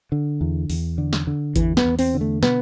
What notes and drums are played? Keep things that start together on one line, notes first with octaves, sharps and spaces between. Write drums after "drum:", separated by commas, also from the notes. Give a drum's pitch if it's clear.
D3
E2
E2, drum: open hi-hat
D3
drum: snare
D3
E2 E3, drum: kick G#1, hi-hat
B3, drum: snare
E2
C4, drum: open hi-hat
D3
A3
B2 B3, drum: snare